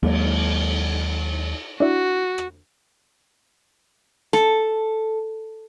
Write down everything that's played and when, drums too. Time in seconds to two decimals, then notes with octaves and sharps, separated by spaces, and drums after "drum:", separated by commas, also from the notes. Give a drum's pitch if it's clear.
0.03 D#2 F#3 G#3 A#3, drum: cymbal
1.80 D4 E4 F#4
2.38 drum: rim click
4.33 A4, drum: snare